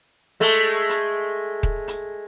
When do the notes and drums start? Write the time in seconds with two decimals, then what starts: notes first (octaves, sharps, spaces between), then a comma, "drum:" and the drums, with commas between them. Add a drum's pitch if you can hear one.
0.40 G#3 A3, drum: hi-hat
0.89 drum: hi-hat
1.63 drum: kick D#1
1.88 drum: hi-hat